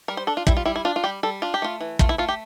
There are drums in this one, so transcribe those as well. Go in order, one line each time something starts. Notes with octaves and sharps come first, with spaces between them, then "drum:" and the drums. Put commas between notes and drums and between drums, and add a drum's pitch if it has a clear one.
G3 A#4
C5
D4 A4
F4
G3 E4, drum: kick
F4
G3 E4
E4
D4 F4
F4
G3 G4
G3 A4
D4 F4
G4
A3 F4
E3
A3 F4, drum: kick
E4
A3 F4
G4